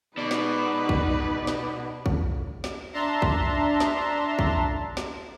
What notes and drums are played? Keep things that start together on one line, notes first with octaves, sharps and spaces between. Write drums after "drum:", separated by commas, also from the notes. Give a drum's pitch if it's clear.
B2 G#3 D#4 B4 D5
drum: snare
drum: kick
drum: snare
drum: kick
drum: snare
D4 E5 A5 A#5 C6
drum: kick
drum: snare
drum: kick
drum: snare